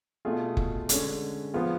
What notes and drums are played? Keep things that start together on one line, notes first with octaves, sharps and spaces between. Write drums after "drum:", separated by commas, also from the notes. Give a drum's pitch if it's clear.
B2 A3 F4 G#4
drum: kick
D3 G#3 C#4, drum: hi-hat
F3 B3 F4 G#4